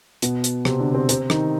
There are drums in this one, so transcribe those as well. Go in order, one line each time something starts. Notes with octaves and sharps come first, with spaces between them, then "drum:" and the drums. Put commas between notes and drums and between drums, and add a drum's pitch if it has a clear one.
B2 B3, drum: hi-hat
drum: hi-hat
C3 C4, drum: rim click
D3 D4
C3 C4
C3 C4, drum: hi-hat
D#3 D#4, drum: rim click